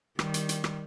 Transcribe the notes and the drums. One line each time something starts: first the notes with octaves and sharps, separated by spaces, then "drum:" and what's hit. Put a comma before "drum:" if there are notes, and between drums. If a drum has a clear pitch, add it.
D#3 G3, drum: rim click
drum: hi-hat
drum: hi-hat
drum: rim click